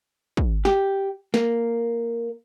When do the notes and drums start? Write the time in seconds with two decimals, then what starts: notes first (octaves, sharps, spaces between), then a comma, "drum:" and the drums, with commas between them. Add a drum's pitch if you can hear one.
0.37 drum: kick
0.65 G4, drum: snare
1.34 A#3, drum: snare